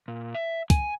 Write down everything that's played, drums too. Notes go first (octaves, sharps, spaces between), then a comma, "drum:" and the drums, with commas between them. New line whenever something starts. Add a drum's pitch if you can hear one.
A#2
E5
G#5, drum: kick, hi-hat